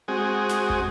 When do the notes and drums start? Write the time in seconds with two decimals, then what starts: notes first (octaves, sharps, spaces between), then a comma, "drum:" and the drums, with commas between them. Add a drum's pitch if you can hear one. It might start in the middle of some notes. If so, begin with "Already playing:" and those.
0.08 G#3 C4 F#4 G#4
0.49 drum: snare
0.70 drum: kick